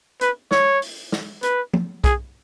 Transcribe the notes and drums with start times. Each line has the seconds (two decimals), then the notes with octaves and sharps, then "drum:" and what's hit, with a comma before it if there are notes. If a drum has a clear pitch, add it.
0.21 B4, drum: hi-hat
0.51 C#5, drum: snare
0.82 drum: open hi-hat
1.12 drum: snare
1.43 B4, drum: hi-hat
1.74 drum: tom
2.04 G#4, drum: kick, hi-hat